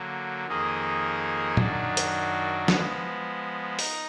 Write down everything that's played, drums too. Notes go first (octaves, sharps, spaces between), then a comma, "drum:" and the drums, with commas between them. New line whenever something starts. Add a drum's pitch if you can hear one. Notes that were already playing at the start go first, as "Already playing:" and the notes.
Already playing: D3 F#3 A#3
F2 D#3 A#3 D#4 G#4
F#2 D#3 F#3 D4, drum: tom
drum: hi-hat
F3 G#3 B3, drum: snare
D#4, drum: open hi-hat